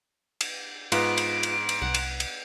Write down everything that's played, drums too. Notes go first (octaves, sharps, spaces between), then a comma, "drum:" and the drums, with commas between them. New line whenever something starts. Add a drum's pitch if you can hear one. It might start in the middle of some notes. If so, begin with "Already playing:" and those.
drum: cymbal
G#2 B3 F4 D7, drum: cymbal
drum: cymbal
drum: cymbal
drum: cymbal
C2 F#5
drum: cymbal
drum: cymbal